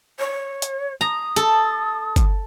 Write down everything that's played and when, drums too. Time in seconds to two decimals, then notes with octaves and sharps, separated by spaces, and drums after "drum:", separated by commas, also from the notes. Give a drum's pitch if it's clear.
0.19 C#5
0.62 drum: hi-hat
1.01 A#5 D#6
1.36 A4, drum: hi-hat
2.16 drum: kick G1, hi-hat